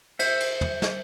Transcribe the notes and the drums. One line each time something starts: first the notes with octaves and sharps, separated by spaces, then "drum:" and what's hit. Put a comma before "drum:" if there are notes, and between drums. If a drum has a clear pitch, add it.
C5 E5, drum: cymbal
drum: cymbal
drum: tom
drum: snare